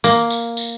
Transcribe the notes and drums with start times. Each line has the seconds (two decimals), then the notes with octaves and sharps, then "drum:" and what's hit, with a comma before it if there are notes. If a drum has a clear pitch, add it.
0.04 A#3, drum: tambourine
0.30 drum: tambourine
0.57 drum: tambourine